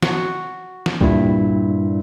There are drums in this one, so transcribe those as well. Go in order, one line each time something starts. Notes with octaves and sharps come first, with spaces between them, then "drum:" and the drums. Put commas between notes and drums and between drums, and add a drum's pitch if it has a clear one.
F#4, drum: snare
drum: snare
G2 A#2 E4, drum: kick